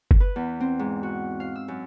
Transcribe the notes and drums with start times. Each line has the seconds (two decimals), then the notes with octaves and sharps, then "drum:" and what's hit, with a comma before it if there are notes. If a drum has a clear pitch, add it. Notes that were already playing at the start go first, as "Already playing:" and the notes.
0.11 drum: kick F#1
0.20 B4
0.36 E2
0.60 C4
0.79 G#2
1.03 F#4
1.40 F5
1.55 E6
1.68 F#2